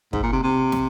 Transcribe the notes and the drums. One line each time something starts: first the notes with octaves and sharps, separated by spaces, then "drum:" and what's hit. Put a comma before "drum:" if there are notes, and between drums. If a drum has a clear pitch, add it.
G#2, drum: kick
A#2
C3
C3
drum: snare